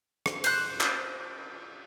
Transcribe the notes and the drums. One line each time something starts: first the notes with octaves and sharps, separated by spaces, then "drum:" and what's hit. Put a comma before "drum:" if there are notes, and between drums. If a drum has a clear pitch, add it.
drum: rim click
C5 F#6, drum: cymbal
drum: clap